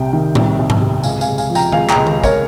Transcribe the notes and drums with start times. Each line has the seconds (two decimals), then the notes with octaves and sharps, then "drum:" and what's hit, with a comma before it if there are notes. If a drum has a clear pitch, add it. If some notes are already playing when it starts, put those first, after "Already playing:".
Already playing: C2 C3 G5
0.13 D#3
0.35 C2, drum: tom A2
0.59 C2
0.70 drum: tom G#2
0.81 C3
1.03 C#2 F5 G#5, drum: tambourine
1.21 F5 G#5, drum: tambourine
1.27 C#3
1.38 F5 G#5, drum: tambourine
1.50 F3
1.55 G5 A#5, drum: tambourine
1.72 C#2 F5 G#5, drum: tom D#3
1.90 G5 A#5, drum: clap
1.95 C#2
2.07 drum: tom D#3
2.18 C#3
2.24 A#4 C#5, drum: kick, tambourine